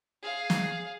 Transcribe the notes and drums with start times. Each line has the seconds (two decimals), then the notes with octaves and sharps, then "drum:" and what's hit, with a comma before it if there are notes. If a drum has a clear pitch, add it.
0.22 G#4 F5
0.50 drum: snare